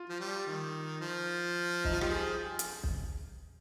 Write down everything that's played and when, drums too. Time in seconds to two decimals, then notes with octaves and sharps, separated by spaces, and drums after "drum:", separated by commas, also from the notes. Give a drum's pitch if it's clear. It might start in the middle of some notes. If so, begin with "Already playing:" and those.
Already playing: F4
0.09 F3
0.20 G3
0.47 D#3
1.01 F3
1.84 D#4, drum: kick
1.93 F4
2.01 G3 G4, drum: rim click
2.09 F3 G#4
2.59 drum: hi-hat
2.83 drum: kick